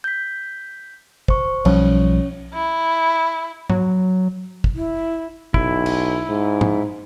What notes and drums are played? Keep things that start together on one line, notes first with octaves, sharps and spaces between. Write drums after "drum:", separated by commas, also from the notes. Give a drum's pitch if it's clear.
G6 B6
C5 C#6, drum: kick
B1 F3 G3 C#4 C#5, drum: cymbal
E4
F#3, drum: tom G#2
drum: kick
E4
B1 E4, drum: kick
drum: cymbal
G#2
drum: tom G#2